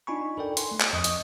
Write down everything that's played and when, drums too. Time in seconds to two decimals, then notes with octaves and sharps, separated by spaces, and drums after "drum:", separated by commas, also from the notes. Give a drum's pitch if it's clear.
0.07 D4 D#4 F4 G#5 B5 C#6
0.38 A4 A#4 D5 G5
0.57 G5 G#5 C6, drum: hi-hat
0.71 A3
0.81 drum: clap
0.93 F2 D#5 C#6 D#6 G6
1.04 drum: hi-hat